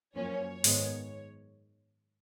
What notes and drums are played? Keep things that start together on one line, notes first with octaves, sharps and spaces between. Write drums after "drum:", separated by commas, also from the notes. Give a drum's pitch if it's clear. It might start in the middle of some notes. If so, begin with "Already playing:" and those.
F#2 F3 A#3 C#4 C#5
G#2 D#3 G#3 B3, drum: open hi-hat